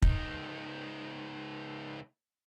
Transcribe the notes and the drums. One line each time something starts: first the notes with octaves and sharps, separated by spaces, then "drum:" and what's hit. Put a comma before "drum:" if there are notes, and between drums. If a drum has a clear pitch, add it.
C#2 D#4, drum: kick